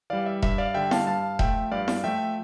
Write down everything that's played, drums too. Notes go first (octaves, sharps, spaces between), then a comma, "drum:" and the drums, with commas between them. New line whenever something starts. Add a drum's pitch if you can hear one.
E3 G3 D5 F5
E5
G2 E5, drum: kick E1
D5 F5
D3 G3 E5 G5
F5 A5, drum: snare E4
G2 F5 A5
F3 A3 E5 G5, drum: kick E1
G2 D5 F5
drum: snare E4
F3 A3 E5 G5